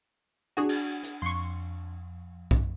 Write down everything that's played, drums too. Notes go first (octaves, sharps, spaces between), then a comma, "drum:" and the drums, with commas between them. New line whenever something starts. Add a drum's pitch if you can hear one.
D4 F#4 G#4 F#5
drum: cymbal
drum: hi-hat
F2 C6 C#6
drum: kick B1